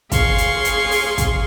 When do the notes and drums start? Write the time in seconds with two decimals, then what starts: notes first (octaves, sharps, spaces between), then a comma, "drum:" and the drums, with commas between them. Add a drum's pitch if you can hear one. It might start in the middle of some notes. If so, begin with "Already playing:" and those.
0.12 G#4 F5 C6 C#6, drum: kick, hi-hat
0.38 drum: hi-hat
0.65 drum: hi-hat
0.91 drum: open hi-hat
1.18 drum: kick, hi-hat